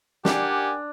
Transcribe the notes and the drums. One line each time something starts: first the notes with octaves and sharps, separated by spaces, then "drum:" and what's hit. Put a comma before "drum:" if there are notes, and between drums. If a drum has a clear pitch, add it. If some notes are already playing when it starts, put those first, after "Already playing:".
D4 G4 A#4 F#5 G#5, drum: snare